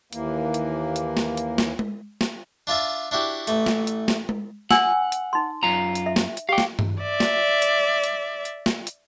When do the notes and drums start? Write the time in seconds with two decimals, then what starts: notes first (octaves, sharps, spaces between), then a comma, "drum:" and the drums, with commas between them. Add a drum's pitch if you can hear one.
0.13 D#2 E3 A#3, drum: hi-hat
0.54 drum: hi-hat
0.96 drum: hi-hat
1.17 drum: snare
1.37 drum: hi-hat
1.58 drum: snare
1.79 drum: tom G#3
2.21 drum: snare
2.67 D4 F4 D5 E5
3.11 D4 E4 F#4 G4
3.47 A1 E3 A3, drum: hi-hat
3.66 drum: snare
3.87 drum: hi-hat
4.08 drum: snare
4.29 drum: tom G#3
4.71 D4 F#5 G#5 E6, drum: snare
5.12 drum: hi-hat
5.33 D#4 C6
5.63 F#2 F4 A#5
5.95 drum: hi-hat
6.06 E5
6.16 drum: snare
6.37 drum: hi-hat
6.49 G4 F5 G5 D6
6.58 drum: snare
6.79 drum: tom G2
7.02 D5 E5
7.20 drum: snare
7.62 drum: hi-hat
8.04 drum: hi-hat
8.45 drum: hi-hat
8.66 drum: snare
8.87 drum: hi-hat